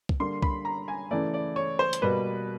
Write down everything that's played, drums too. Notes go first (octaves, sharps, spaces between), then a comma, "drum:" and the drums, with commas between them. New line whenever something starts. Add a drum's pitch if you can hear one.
drum: kick
D3 G3 A#3 C6
B5, drum: kick
A#5
G#5
C#3 E3 A3 D5
D5
C#5
C5
drum: hi-hat
B2 G3 A#3 B4